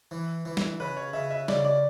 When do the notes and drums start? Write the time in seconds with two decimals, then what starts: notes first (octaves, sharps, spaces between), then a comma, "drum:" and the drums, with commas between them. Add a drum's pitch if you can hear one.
0.11 E3
0.45 E3
0.57 drum: snare
0.80 C#3 B4
0.97 C#5
1.13 C#3 E5
1.31 E5
1.48 C#3 D5, drum: snare
1.65 D5